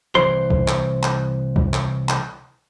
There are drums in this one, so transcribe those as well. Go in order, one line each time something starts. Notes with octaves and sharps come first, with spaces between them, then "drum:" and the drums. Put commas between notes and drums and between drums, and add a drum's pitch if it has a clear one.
C2 E3 C5 C6
drum: kick C2
drum: clap
drum: clap
drum: kick C2
drum: clap
drum: clap